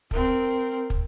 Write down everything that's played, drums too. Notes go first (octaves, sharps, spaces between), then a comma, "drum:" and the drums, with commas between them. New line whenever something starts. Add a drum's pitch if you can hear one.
C4 A#4, drum: kick
drum: kick